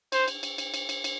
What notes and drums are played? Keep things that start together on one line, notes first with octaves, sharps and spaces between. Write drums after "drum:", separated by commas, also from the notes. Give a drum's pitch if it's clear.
C5, drum: cymbal
drum: cymbal
drum: cymbal
drum: cymbal
drum: cymbal
drum: cymbal
drum: cymbal